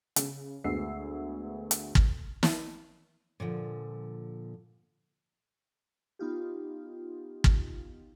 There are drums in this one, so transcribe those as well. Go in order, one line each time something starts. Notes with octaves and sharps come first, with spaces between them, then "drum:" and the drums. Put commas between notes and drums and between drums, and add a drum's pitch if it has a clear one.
C#3, drum: hi-hat
D2 G#3 B3 E6 C7
drum: hi-hat
drum: kick
drum: snare
A#2 D3 E3 F3
B3 D#4 F4 G4
drum: kick